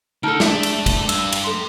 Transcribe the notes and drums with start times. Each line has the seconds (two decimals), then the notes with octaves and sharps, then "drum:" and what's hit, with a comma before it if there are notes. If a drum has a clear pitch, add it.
0.23 D2 D#4 A4 A5 F6 D7
0.40 A3 D4 G#4 E5, drum: snare
0.63 drum: cymbal
0.86 drum: kick, cymbal
1.09 G2 E6, drum: cymbal
1.32 drum: cymbal
1.44 A4 C6